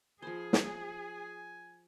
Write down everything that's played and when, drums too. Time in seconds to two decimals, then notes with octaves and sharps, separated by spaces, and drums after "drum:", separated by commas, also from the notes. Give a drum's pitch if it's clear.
0.22 F3 G#4 B4 C5 G#5
0.53 drum: snare